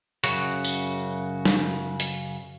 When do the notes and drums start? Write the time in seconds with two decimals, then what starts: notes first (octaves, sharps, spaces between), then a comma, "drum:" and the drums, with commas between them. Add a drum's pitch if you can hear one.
0.24 F#2 C#3 F#4, drum: hi-hat
0.64 drum: tambourine
1.45 drum: snare
2.00 drum: hi-hat